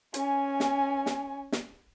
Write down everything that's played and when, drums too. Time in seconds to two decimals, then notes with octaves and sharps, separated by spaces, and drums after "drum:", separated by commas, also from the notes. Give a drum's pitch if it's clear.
0.14 C#4 G#5, drum: hi-hat
0.60 drum: snare
1.06 drum: snare
1.52 drum: snare